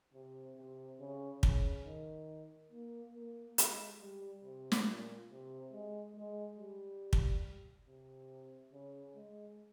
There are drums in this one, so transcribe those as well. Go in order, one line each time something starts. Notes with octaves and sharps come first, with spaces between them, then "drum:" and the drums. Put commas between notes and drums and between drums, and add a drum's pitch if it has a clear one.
C3
C3
C#3
C#3, drum: kick
D#3
A#3
A#3
G#3, drum: hi-hat
G3
C3
drum: snare
A#2
C3
G#3
G#3
G3
drum: kick
C3
C#3
G#3